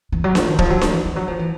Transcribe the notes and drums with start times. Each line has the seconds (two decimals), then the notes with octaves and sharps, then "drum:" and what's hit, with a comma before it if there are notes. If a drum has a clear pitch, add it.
0.12 E3
0.24 F#3
0.35 F3, drum: snare D4
0.48 D#3
0.59 F3, drum: kick
0.70 F#3
0.81 F3, drum: snare D4
0.93 E3
1.05 F3
1.16 F#3
1.28 F3
1.39 E3